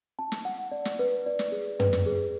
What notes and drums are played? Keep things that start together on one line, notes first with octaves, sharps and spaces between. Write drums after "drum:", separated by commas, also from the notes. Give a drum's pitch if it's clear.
A5
drum: snare
F#5
D5
drum: snare
B4
D5
drum: snare
G#4
B4, drum: tom
drum: snare
G#4